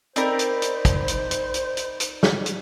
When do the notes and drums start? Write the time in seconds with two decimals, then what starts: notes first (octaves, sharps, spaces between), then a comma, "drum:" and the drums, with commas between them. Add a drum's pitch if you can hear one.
0.16 C4 D#4 A#4 C5 D5 B5, drum: hi-hat
0.39 drum: hi-hat
0.62 drum: hi-hat
0.85 drum: kick, hi-hat
1.08 drum: hi-hat
1.31 drum: hi-hat
1.54 drum: hi-hat
1.77 drum: hi-hat
2.00 drum: hi-hat
2.23 drum: snare
2.46 drum: hi-hat